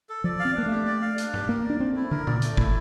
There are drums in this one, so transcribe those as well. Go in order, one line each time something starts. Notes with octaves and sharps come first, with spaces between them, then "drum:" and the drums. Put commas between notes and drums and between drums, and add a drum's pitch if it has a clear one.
A4
F3 D5
F5
C4
A#3 D4
A3 G4
D5
F5
D4, drum: hi-hat
G4, drum: tom G#2
A#3 A#4
D5
D4
A3 C4
E4
D3 A#4
A#2 D5, drum: tom C#3
A3, drum: hi-hat
A2 E4, drum: kick